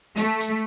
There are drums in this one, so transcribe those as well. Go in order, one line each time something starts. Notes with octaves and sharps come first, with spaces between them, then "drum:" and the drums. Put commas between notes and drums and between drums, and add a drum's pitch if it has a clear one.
A3, drum: hi-hat
drum: hi-hat